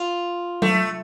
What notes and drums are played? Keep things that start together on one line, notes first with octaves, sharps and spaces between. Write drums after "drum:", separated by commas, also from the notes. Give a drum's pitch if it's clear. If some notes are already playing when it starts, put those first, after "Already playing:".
Already playing: F4
A3, drum: tom F#3